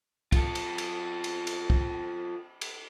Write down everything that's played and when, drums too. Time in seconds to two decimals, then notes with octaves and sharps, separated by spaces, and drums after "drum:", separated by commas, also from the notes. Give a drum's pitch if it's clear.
0.32 F4 A4, drum: kick, cymbal
0.55 drum: cymbal
0.78 drum: cymbal
1.24 drum: cymbal
1.47 drum: cymbal
1.70 drum: kick
2.61 drum: cymbal